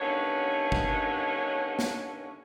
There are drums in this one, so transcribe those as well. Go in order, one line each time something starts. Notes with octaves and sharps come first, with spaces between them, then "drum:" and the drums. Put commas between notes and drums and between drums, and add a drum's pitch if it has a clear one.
G2 D3 D#3 B3 C#4 C#5
drum: kick G1
drum: snare